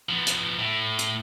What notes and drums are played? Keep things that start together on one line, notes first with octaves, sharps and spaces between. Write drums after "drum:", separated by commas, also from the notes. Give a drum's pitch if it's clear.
F3 B3
drum: hi-hat
A2
drum: hi-hat